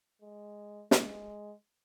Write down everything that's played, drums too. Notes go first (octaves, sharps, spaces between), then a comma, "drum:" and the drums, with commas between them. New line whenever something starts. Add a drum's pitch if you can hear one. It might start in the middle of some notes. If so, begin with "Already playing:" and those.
G#3
G#3, drum: snare